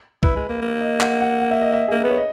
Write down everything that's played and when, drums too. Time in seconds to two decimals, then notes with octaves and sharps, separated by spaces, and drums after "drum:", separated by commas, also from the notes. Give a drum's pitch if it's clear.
0.23 E4 B4, drum: kick
0.36 G#3
0.49 A#3
0.62 A#3
0.81 D#5
1.00 F#5, drum: clap
1.20 F#5
1.40 F#5
1.51 E5
1.62 D#5
1.73 E5
1.88 G#4
1.91 A#3 A#4
2.04 B3 B4
2.10 C#5
2.17 D#5